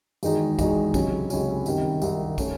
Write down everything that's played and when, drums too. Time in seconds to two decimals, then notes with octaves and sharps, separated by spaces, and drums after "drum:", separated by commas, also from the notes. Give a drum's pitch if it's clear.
0.23 E2 D#3 G#3 D#4 F#4, drum: tambourine
0.59 E2 D#3 G#3 D#4 F#4, drum: kick, tambourine
0.94 C#2 C3 F#3 C#4, drum: kick, tambourine
1.30 C#2 C3 F#3 C#4, drum: tambourine
1.66 C2 C3 D#3, drum: tambourine
2.01 C2 C3 D#3, drum: tambourine
2.38 D#3 A3 C#4, drum: kick, tambourine